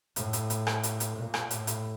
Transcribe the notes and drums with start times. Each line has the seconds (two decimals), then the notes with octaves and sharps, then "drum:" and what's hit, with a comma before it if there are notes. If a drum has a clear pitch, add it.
0.16 A2, drum: hi-hat
0.33 drum: hi-hat
0.50 drum: hi-hat
0.67 drum: rim click
0.83 drum: hi-hat
1.00 drum: hi-hat
1.17 A#2
1.34 drum: rim click
1.51 A2, drum: hi-hat
1.67 drum: hi-hat